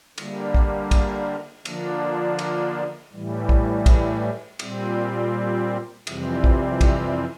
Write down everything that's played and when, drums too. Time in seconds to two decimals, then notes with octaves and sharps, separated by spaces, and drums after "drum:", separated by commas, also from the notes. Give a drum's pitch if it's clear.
0.18 D3 G3 A#3, drum: cymbal
0.54 drum: kick
0.91 drum: kick, cymbal
1.65 D3 F3 A#3 D4, drum: cymbal
2.39 drum: cymbal
3.12 A2 E3 G3
3.49 drum: kick
3.86 drum: kick, cymbal
4.59 A#2 G3 C4, drum: cymbal
6.07 F2 C3 E3 G3 C4, drum: cymbal
6.44 drum: kick
6.81 drum: kick, cymbal